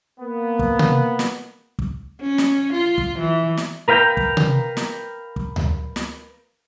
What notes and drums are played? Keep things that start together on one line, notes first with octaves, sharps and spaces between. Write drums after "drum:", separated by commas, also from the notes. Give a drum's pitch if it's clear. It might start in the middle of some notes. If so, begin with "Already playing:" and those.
A#3 B3
drum: kick
drum: tom C3
drum: snare
drum: kick
C#4
drum: snare
F4
drum: kick
E3
drum: snare
A#4 B4 F5 G5 A#5
drum: kick
drum: tom C3
drum: snare
drum: kick
drum: tom D2
drum: snare